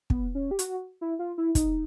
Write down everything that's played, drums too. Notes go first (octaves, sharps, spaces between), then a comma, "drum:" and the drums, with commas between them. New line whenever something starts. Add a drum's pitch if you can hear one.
B3, drum: kick
C#4
G4
F#4, drum: hi-hat
E4
F4
E4
D#4, drum: kick, hi-hat